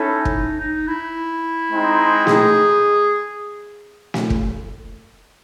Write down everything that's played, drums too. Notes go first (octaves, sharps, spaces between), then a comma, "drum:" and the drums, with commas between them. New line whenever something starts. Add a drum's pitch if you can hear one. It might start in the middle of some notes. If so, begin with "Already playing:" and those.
Already playing: C#4 D#4 E4 A4
drum: kick
D#4
E4
G#3 C4 D#4
G#4, drum: snare
drum: snare
drum: kick